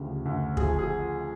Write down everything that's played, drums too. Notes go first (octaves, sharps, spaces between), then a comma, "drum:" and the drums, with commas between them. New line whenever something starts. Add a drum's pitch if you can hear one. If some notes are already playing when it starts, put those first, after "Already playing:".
Already playing: D2 C#3 F3 G4
D2
F3 G#4, drum: kick
G#4